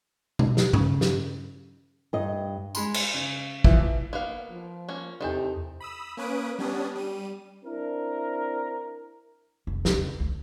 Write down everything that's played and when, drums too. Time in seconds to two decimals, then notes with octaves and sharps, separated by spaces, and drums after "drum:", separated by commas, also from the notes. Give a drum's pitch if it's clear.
0.39 drum: tom
0.57 drum: snare
0.73 C#3, drum: tom G2
1.01 drum: snare
2.13 G2 D#5
2.75 G#3 B5 C6, drum: tambourine
2.94 drum: cymbal
3.14 C#3
3.64 E3 F3 E5, drum: kick
4.13 A#3 B3 F5
4.50 F3
4.89 A#3 C#4
5.21 E2 C3 D#3 D#4 A4 A5
5.80 B5 D#6 E6
6.17 A#3 C#4 B4 D#6 D7
6.59 G3 B3 C#4 D4 D#6
6.95 G3 D#7
7.65 C4 D4 E4 A#4
9.67 F1
9.85 F2 C#3, drum: snare
10.20 D2